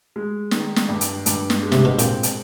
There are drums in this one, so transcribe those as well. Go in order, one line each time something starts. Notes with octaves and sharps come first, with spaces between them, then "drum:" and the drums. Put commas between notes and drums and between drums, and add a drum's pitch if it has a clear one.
G#3
D#3, drum: snare
drum: snare
G2
drum: hi-hat
G2, drum: hi-hat
drum: snare
G#3
C3, drum: snare
B2
A#2 C4, drum: hi-hat
drum: hi-hat